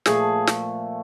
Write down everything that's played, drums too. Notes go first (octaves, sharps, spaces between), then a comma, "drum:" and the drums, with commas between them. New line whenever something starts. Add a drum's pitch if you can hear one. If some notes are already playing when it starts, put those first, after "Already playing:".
A#2 F3 A3 G#4, drum: snare
drum: snare